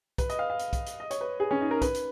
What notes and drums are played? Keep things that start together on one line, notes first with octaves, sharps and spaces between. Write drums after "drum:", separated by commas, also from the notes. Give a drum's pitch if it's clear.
B4, drum: kick B1, hi-hat
D#5, drum: hi-hat
F5
F5
drum: hi-hat
drum: kick B1, hi-hat
drum: hi-hat
D#5
C#5, drum: hi-hat
B4
G#4
C#4
D#4
A#4
B4, drum: kick B1, hi-hat
drum: hi-hat